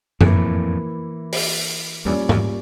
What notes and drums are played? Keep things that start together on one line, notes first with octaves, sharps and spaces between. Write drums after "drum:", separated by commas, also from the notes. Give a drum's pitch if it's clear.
F2 A2 E3 A#3 E4, drum: tom F#2
drum: open hi-hat
E2 G2 A#2 G3 C#4 G4 D5
E2, drum: tom G#2